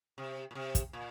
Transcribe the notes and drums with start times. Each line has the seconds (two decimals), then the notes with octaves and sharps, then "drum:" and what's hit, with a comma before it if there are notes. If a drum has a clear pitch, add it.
0.18 C3
0.51 A#2
0.55 C3
0.75 drum: kick, hi-hat
0.93 A#2